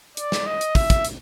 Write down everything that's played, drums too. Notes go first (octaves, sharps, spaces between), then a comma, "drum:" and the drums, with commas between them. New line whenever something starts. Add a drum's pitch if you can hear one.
D5, drum: hi-hat
drum: snare
D#5
drum: hi-hat
E5, drum: kick, open hi-hat
drum: kick, hi-hat
drum: hi-hat